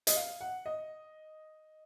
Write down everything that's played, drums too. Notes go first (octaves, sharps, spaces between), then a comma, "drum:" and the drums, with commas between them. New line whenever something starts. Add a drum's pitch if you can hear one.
D#5, drum: hi-hat
F5
F#5
D#5